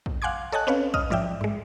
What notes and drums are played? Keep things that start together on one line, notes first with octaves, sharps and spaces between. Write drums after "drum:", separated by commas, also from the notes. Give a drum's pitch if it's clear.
drum: kick
F5 F#5 G#5 C6 D6 G#6
A4 C#5 D#5 G#5 A5 F#6
C4 C#4 B4 C#5 F5
D#5 D#6 F6, drum: kick
G#2 F3 D5 E5 G5
G#2 G#3